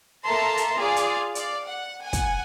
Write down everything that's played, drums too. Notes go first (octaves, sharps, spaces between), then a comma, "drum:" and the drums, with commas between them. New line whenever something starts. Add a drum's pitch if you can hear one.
A#3 A4 E5 A5 A#5 C6
drum: hi-hat
F4 G#4 D5 F5
drum: hi-hat
D5 F5, drum: hi-hat
F#5
F#5 G#5
drum: kick, hi-hat